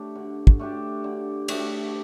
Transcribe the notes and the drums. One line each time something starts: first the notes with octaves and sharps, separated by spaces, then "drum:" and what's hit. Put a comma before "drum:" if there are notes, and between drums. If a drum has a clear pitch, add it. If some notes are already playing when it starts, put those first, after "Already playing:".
Already playing: A3 D4 G4
D3
drum: kick
A3 D4 G4
D3
A3 D4 G4, drum: cymbal